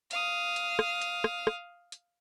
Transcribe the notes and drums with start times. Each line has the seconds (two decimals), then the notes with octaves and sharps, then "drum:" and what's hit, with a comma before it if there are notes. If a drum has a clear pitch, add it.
0.11 F5 D#6, drum: hi-hat
0.56 drum: hi-hat
0.79 drum: rim click
1.02 drum: hi-hat
1.24 drum: rim click
1.47 drum: rim click
1.92 drum: hi-hat